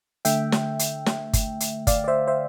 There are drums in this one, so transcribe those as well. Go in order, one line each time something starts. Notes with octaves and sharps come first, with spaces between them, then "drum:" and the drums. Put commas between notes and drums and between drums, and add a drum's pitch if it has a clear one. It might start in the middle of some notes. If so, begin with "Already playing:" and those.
D3 A3 E5 G5, drum: hi-hat
drum: snare
drum: hi-hat
drum: snare
drum: kick G1, hi-hat
drum: hi-hat
D5 F5, drum: kick G1, hi-hat
D5
C5 E5
C5 E5